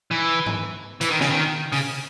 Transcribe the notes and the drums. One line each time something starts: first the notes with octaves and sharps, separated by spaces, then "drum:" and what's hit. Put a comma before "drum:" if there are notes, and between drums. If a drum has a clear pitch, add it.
E3
drum: tom G#2
E3, drum: hi-hat
D#3
C#3, drum: snare
D#3
C#3, drum: open hi-hat